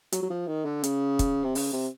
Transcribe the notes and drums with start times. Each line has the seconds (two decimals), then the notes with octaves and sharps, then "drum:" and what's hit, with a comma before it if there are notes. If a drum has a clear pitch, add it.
0.12 F#3, drum: hi-hat
0.23 F#3
0.30 F3
0.47 D#3
0.65 D3
0.84 C#3, drum: hi-hat
1.19 drum: kick, hi-hat
1.44 C3
1.55 C#3, drum: open hi-hat
1.73 C3